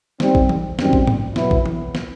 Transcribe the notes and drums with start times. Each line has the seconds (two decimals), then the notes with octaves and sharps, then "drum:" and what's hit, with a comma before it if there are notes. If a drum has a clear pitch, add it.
0.20 D#3 G3 C4, drum: snare
0.35 drum: kick
0.49 drum: tom E3
0.79 F#2 D#3 G3 C4, drum: snare
0.93 drum: kick
1.07 drum: tom G#2
1.36 B2 F#3 B3 E4, drum: snare
1.51 drum: kick
1.66 drum: tom E3
1.95 drum: snare